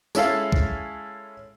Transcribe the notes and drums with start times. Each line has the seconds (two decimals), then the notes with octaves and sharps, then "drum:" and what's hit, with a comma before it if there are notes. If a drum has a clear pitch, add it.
0.15 G#3 C#4 E4 A4 F5, drum: tambourine
0.52 drum: kick